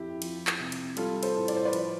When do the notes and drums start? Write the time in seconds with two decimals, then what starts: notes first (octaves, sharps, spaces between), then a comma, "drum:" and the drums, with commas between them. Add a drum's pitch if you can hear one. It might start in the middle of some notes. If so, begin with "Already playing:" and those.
Already playing: F2 E4 G4
0.22 F3, drum: cymbal
0.47 drum: clap
0.60 C3
0.72 drum: cymbal
0.97 G3 F4 A4, drum: cymbal
1.23 A4 C5, drum: cymbal
1.35 A2
1.48 D5, drum: cymbal
1.56 C5
1.65 B4 D5
1.73 F3, drum: cymbal